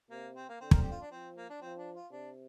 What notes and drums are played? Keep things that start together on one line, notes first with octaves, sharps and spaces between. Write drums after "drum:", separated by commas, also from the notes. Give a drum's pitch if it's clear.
C3 A#3
C4
A#3
D3 C4
A#4, drum: kick
G4
F4
D4
F3 C4
A#3
D4
F3 C4
D4
F4
C3 D4